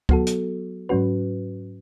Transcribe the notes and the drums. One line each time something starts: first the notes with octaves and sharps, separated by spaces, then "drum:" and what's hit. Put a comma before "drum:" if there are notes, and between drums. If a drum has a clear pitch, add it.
F#3 B3 F#4 A4, drum: kick
drum: hi-hat
G#2 F#3 C#4 F#4 B4